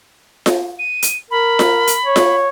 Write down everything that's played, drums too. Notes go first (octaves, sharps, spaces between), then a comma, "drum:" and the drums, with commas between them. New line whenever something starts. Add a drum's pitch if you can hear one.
drum: snare F4
D#7
drum: hi-hat
A#4 B5
drum: snare F4
drum: hi-hat
C#5
drum: snare F4